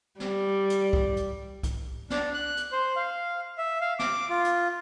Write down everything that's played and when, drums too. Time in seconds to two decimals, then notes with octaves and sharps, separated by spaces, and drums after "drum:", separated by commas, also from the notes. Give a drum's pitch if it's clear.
0.20 G3, drum: snare
0.70 drum: hi-hat
0.93 drum: kick C2
1.17 drum: hi-hat
1.63 drum: kick C2, hi-hat
2.10 D4, drum: snare
2.34 F#6
2.57 drum: hi-hat
2.72 C5
2.96 F5
3.58 E5
3.81 F5
3.99 D6, drum: snare
4.29 F4
4.44 drum: hi-hat